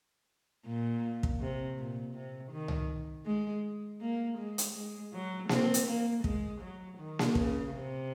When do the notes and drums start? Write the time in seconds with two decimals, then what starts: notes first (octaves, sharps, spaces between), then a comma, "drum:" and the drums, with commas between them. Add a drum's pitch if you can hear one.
0.66 A#2
1.23 drum: kick
1.40 C3
1.78 A#2
2.15 C3
2.52 D#3
2.68 drum: tom C2
3.26 G#3
4.01 A#3
4.38 G#3
4.58 drum: hi-hat
4.75 G#3
5.13 F#3
5.49 C4, drum: snare A#3
5.74 drum: hi-hat
5.87 A#3
6.24 G#3, drum: kick
6.61 F#3
6.98 D#3
7.19 drum: snare A#3
7.35 C#3, drum: kick
7.72 C3